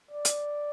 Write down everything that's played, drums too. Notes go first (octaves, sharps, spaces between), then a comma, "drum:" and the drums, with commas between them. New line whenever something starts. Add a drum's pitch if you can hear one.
D5
drum: hi-hat